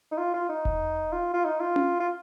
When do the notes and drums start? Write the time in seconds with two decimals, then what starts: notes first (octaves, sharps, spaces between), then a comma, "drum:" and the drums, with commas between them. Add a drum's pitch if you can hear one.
0.11 D#4
0.18 F4
0.34 F4
0.49 D#4
0.65 drum: kick E1
1.12 F4
1.33 F4
1.44 D#4
1.60 F4
1.76 drum: tom C#4
2.00 F4